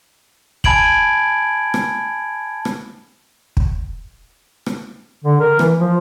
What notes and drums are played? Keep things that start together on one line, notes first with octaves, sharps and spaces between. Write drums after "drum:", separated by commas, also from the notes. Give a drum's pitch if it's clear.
G#5 A5 B5 G#6 D7 F#7, drum: kick
drum: rim click
drum: rim click
drum: kick
drum: rim click
D3
A#4
E3, drum: rim click
F3